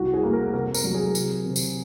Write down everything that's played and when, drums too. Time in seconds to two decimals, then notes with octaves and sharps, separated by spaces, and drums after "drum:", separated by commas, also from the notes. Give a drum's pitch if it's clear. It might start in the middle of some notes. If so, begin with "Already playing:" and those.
Already playing: C2 F#4
0.14 G#4
0.23 A#3
0.33 A#4
0.53 C3 A#4
0.74 A#4, drum: tambourine
0.84 F#3
0.95 G#4
1.15 C3, drum: tambourine
1.46 C3
1.56 drum: tambourine